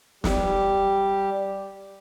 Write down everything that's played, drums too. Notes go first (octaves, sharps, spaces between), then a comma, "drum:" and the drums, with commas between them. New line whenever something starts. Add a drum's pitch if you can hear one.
G3 G4, drum: snare